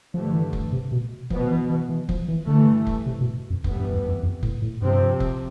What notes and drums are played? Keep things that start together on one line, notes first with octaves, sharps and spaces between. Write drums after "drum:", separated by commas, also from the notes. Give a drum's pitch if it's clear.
G2 D3 F3 A3
E3
drum: kick F1
C3
B2
B2 F3 B3, drum: kick F1
F3
E3
E3
E3
F3, drum: kick F1
E3
G2 D3 E3 A3
drum: kick F1
C3
B2
F2
F2 A2 E3 G3 B3, drum: kick F1
G2
E2
F2
F2
A2, drum: kick F1
A2
G2 C3 F3 C4
drum: kick F1